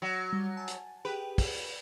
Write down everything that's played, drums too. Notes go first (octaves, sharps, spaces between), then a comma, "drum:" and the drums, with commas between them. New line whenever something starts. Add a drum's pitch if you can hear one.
F#3
G3
G#5 A5
drum: hi-hat
G4 G#4 B4 G5
drum: kick, open hi-hat